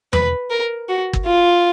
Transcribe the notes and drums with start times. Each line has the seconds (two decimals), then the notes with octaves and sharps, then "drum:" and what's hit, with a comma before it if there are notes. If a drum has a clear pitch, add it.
0.13 B4, drum: tom E2
0.50 A#4
0.89 F#4
1.13 drum: kick G1
1.26 F4